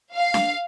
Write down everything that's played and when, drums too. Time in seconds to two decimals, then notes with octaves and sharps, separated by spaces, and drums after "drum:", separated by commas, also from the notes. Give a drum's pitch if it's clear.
0.14 F5
0.34 drum: snare D4